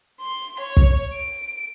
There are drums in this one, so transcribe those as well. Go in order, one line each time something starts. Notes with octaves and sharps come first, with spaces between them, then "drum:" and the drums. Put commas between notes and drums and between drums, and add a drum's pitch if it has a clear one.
C6
C#5
drum: kick
D7